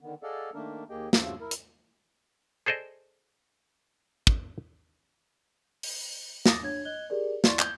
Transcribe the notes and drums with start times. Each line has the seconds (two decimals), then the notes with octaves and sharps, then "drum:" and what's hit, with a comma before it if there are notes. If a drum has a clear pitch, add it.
0.01 D3 D#3 B3
0.23 G#4 A4 D5 D#5 F5 F#5
0.54 D#3 A3 A#3 D4 A#4
0.90 D#2 A#3 G4 G#4 D#5 G5
1.13 G2 C#3 F3 F#4 E5, drum: snare
1.41 E4 A#4
1.51 drum: hi-hat
2.66 G#4 A4 C5 D5 D#5
4.27 drum: kick
5.83 drum: open hi-hat
6.46 D6 D#6 A6 A#6, drum: snare
6.62 D4 C#5 G#6
6.85 D#5 F#6 G#6 G7
7.10 G4 G#4 A#4 D5
7.44 E4 D5 C6 C#6 A6, drum: snare
7.59 G6 G#6 G7, drum: clap